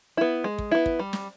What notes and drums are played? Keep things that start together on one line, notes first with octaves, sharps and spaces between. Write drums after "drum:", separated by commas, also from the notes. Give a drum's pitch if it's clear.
B3 E4
G#3
drum: kick
B3 E4
drum: kick
G3
drum: snare